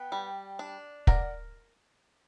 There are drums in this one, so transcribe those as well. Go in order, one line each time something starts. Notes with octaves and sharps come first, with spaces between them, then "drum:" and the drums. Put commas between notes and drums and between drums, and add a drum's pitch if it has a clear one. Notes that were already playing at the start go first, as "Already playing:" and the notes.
Already playing: B3 G5
G3
D4
A#4 D5 F#5, drum: kick